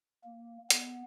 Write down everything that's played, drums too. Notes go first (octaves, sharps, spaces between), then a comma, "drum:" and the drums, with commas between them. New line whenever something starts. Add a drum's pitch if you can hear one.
A#3
B3, drum: hi-hat